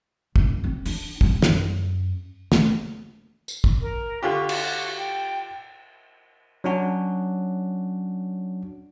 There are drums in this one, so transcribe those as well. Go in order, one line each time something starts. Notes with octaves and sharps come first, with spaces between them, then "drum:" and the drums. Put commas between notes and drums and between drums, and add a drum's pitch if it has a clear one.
F1, drum: kick
C4
D4, drum: open hi-hat
G3 B3, drum: kick
F#2, drum: snare
A3, drum: snare
drum: tambourine
drum: kick
A#4
D3 F4 G4 C#6
F#4, drum: cymbal
G5
F#3 C#4 D4 F#4